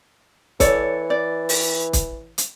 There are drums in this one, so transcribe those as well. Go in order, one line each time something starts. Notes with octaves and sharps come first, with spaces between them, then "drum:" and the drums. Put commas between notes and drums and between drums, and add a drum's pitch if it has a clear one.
E3 A4 C#5 D5, drum: kick, hi-hat
D5
drum: open hi-hat
drum: kick, hi-hat
drum: hi-hat